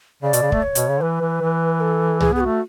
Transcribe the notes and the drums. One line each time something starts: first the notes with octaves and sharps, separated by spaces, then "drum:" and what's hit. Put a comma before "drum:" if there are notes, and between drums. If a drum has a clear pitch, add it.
C#3 D5
B2, drum: hi-hat
C#3
A3, drum: kick
C#5
B2, drum: hi-hat
C#3
D3
E3 B4
E3
E3
A4
G#4, drum: tom
B3 G#4
F#4
A3